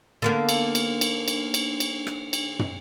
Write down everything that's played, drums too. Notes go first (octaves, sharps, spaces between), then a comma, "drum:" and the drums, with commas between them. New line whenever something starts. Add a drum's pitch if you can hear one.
D3 A#3 B3
drum: cymbal
drum: cymbal
drum: cymbal
drum: cymbal
drum: cymbal
drum: cymbal
drum: rim click
drum: cymbal
drum: tom